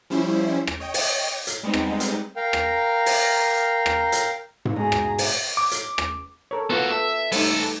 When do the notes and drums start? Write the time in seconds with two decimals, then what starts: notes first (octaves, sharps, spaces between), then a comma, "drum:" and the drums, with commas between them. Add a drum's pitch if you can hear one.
0.10 F3 G3 C#4 E4 C5
0.67 drum: rim click
0.80 C#5 D#5 G5
0.94 drum: open hi-hat
1.47 drum: hi-hat
1.63 G3 G#3 B3 C4 D#4
1.74 drum: rim click
2.00 drum: hi-hat
2.36 A#4 F5 G5 A#5
2.53 drum: rim click
3.06 drum: open hi-hat
3.86 drum: rim click
4.12 drum: hi-hat
4.65 drum: tom G#2
4.76 G#2 B2 G#4 A#5
4.92 drum: rim click
5.18 drum: open hi-hat
5.57 D6
5.71 drum: hi-hat
5.98 drum: rim click
6.51 A4 A#4 C#5
6.70 B3 F4 F#4 A4
6.91 A4 B4 E5
7.32 G3 A3 D#4 A4 B4, drum: open hi-hat